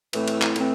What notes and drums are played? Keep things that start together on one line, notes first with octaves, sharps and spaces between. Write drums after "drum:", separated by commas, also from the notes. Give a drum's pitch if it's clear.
A2 E3 A3 C4 E4, drum: cymbal
drum: cymbal
drum: clap
A2 E3 A3 C4, drum: cymbal